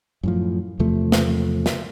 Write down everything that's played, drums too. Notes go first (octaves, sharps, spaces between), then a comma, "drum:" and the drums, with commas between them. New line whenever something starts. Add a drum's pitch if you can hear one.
F#2 A2 F3
E2 C3 F3 A3
drum: snare
drum: snare